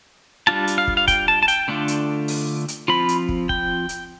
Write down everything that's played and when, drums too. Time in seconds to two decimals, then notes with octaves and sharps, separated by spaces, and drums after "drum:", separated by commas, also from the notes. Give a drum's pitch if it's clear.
0.47 G3 D4 F4 A5
0.67 drum: hi-hat
0.78 F5
0.87 drum: kick
0.97 F5
1.08 G5, drum: kick, hi-hat
1.28 A5
1.43 A5
1.48 G5, drum: hi-hat
1.68 D3 A3 D4 F4
1.88 drum: hi-hat
2.28 drum: open hi-hat
2.68 drum: hi-hat
2.88 F3 C4 F4 B5
3.09 drum: hi-hat
3.29 drum: kick
3.49 G5, drum: kick
3.89 drum: hi-hat